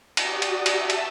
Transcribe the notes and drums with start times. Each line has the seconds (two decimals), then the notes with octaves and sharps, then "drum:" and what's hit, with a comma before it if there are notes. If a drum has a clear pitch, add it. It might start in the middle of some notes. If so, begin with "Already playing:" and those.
0.17 F#4 G4 D5 D#6, drum: cymbal
0.42 drum: cymbal
0.66 E5 A5, drum: cymbal
0.90 drum: cymbal